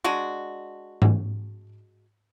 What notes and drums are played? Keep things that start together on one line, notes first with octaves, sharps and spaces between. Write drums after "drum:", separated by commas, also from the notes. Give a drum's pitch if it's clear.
G#3 D4 F#4
drum: tom G#2